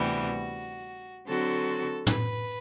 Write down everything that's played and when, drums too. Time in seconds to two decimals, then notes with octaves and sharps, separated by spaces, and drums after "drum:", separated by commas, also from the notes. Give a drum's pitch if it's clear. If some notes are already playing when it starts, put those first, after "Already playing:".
Already playing: D2 C3 E3 G3 B3 F#4
1.27 D3 F#3 C4 F#4 A4
2.07 B4, drum: tom